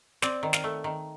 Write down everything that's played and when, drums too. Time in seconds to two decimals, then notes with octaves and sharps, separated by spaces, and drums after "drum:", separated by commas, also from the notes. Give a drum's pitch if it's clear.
0.22 C4 D5, drum: snare
0.43 D#3
0.53 F5, drum: snare
0.64 A3
0.84 D#3